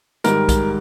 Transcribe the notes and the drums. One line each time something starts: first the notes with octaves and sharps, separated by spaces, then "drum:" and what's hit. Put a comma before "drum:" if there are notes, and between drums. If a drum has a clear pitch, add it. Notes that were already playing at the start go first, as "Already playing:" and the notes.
G#2 D#3 G3 A#4, drum: hi-hat
drum: kick B1, hi-hat